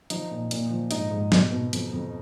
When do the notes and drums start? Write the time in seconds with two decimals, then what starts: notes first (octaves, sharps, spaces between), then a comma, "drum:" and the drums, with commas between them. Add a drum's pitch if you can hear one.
0.10 F3 D#4, drum: hi-hat
0.31 A#2
0.51 A#2, drum: hi-hat
0.70 F3
0.91 G#2 D#4, drum: hi-hat
1.11 G#2
1.32 B2, drum: snare
1.52 B2
1.73 F2, drum: hi-hat
1.93 F2